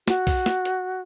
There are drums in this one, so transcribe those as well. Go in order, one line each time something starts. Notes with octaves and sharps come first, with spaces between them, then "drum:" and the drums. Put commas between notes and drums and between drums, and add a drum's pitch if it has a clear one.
F#4, drum: snare
drum: kick B1, open hi-hat
drum: snare
drum: hi-hat